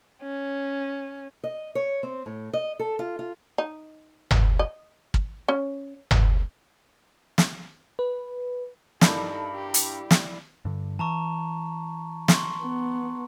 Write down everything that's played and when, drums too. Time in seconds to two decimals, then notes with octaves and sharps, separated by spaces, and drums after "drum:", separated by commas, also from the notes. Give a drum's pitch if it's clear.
0.22 C#4
1.44 D#5
1.75 C#5
2.03 C4
2.26 A2
2.53 D#5
2.79 A4
2.99 F4
3.19 F4
3.58 D#4
4.31 drum: tom G1
4.59 D#5
5.14 drum: kick
5.48 C#4
6.11 drum: tom G1
7.38 drum: snare
7.99 B4
9.01 G2 G3 D#4 E4 A4 A#4 G6, drum: snare
9.54 G4
9.74 drum: hi-hat
10.11 drum: snare
10.65 G2 D3
10.99 E3 A5 A#5 C#6
12.28 C6 C#6, drum: snare
12.62 B3